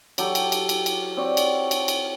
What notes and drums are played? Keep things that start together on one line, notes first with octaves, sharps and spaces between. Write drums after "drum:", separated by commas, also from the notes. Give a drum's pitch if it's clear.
F#3 G4 A4, drum: cymbal
drum: cymbal
drum: cymbal
drum: cymbal
drum: cymbal
C4 C#5 D5 F#5
drum: cymbal
drum: cymbal
drum: cymbal